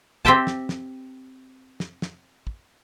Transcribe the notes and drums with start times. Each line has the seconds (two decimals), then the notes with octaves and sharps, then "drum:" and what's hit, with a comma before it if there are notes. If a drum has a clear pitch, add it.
0.25 C4 G4 E5 G5 A5, drum: kick
0.47 drum: snare
0.69 drum: snare
1.80 drum: snare
2.02 drum: snare
2.47 drum: kick